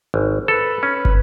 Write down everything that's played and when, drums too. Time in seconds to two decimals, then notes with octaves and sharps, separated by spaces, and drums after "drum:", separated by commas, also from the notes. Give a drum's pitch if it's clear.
0.14 G#1
0.48 A4 B4
0.83 C#4
1.05 drum: kick